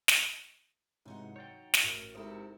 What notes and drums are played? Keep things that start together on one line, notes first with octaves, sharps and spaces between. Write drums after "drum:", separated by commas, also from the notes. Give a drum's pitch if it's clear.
drum: snare
G#2 C3 E3 F#3 D#4 F#5
C#5 G5 G6 A6
drum: snare
A1 F#4 A#4
G#2 C3 E4 A4 C5 A#5 D#6